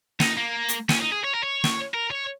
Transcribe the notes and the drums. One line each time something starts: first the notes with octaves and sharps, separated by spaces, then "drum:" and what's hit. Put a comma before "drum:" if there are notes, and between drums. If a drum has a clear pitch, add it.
D#4, drum: snare
A#3
drum: hi-hat
C#4, drum: snare
D#4
G#4
C#5
A#4
C#5
drum: snare
A#4
C#5